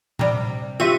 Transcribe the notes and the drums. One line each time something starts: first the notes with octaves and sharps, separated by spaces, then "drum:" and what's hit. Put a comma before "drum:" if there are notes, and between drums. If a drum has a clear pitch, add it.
C3 G3, drum: tom A#2
C4 F4 G4 E5 C#6 D#7